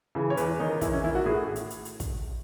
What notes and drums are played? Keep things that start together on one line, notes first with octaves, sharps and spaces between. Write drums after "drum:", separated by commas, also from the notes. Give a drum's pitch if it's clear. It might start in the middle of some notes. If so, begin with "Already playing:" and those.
C#3 E3
C#5
E2 B4, drum: hi-hat
D#3 D#4
E2 E4, drum: kick, hi-hat
C#4
D#3 E4
F#4
A2 G#4
drum: hi-hat
drum: hi-hat
drum: hi-hat
drum: kick, hi-hat